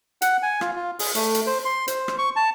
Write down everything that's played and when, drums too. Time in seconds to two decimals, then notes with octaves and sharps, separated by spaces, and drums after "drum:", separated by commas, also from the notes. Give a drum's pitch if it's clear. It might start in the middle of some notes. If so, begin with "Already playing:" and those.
0.22 F#5, drum: hi-hat
0.43 G#5
0.61 F4, drum: rim click
0.76 F4
0.99 G#4, drum: open hi-hat
1.15 A3, drum: hi-hat
1.35 drum: hi-hat
1.47 C5
1.65 C6
1.88 C5, drum: hi-hat
2.08 drum: rim click
2.18 C#6
2.36 A5